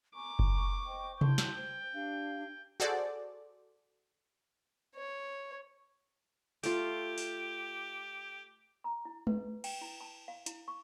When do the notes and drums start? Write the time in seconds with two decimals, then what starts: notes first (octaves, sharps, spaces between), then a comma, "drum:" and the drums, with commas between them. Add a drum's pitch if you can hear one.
0.15 G#5 A#5 C#6 D6
0.39 drum: kick F#1
0.86 C5 D#5 G5
1.21 E4 G5 A5 C6, drum: tom C3
1.38 drum: snare
1.55 C5
1.94 D4 G4 F5
2.80 F#4 G#4 A4 C5 D5
4.95 C#5
6.64 A3 F4 G4, drum: open hi-hat
7.18 drum: open hi-hat
8.84 A#5
9.05 E4
9.27 B4, drum: tom G#3
9.64 G5, drum: cymbal
9.81 E4
10.01 A5
10.28 F5
10.46 E4, drum: hi-hat
10.68 C#6